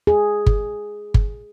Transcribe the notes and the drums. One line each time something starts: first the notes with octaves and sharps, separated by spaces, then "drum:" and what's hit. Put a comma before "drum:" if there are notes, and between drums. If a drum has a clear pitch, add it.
G#4
drum: kick G1
drum: kick G1